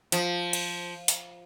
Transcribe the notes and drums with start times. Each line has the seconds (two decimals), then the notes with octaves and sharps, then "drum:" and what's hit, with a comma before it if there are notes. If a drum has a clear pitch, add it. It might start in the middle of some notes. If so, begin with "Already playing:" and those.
0.12 F3, drum: hi-hat
0.53 drum: cymbal
1.08 drum: hi-hat